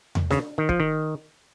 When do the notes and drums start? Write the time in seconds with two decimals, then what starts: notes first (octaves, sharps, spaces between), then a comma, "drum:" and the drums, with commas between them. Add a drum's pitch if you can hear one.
0.15 drum: tom E2
0.30 C#3, drum: snare
0.58 D#3
0.69 F3, drum: kick
0.80 D#3